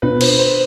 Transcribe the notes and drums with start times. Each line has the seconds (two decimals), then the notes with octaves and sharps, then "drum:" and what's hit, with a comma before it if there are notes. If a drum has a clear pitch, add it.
0.02 B2 B3 D4 F4 B4
0.21 C5, drum: cymbal
0.39 C5